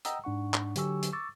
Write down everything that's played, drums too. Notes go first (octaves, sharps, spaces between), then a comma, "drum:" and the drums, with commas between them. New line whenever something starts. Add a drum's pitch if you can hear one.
D#5 F#5 G5 A#5 D#6 E6, drum: hi-hat
G#2 D4 F#5 C#6
drum: clap
D3 F#3 G4 G#5 C#6 E6, drum: hi-hat
drum: hi-hat
C#6 D6 E6 A6